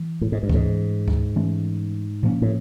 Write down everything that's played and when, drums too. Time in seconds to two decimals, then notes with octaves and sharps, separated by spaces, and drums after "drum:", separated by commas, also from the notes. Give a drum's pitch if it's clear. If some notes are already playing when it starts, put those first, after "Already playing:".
Already playing: E3
0.21 A2
0.32 G#2
0.43 G2
0.49 G#2 E3 A3 C#4, drum: kick D2
1.08 drum: kick D2
1.36 E3 A3 C#4
2.23 A#2 F3 A#3 C#4
2.42 A2